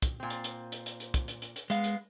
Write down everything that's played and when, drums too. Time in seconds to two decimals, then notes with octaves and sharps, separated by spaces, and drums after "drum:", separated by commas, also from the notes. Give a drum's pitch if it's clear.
0.02 drum: kick, hi-hat
0.20 A#2 C4
0.30 drum: hi-hat
0.44 drum: hi-hat
0.72 drum: hi-hat
0.86 drum: hi-hat
1.00 drum: hi-hat
1.14 drum: kick, hi-hat
1.28 drum: hi-hat
1.42 drum: hi-hat
1.56 drum: hi-hat
1.70 G#3 B3 F5, drum: hi-hat
1.84 drum: hi-hat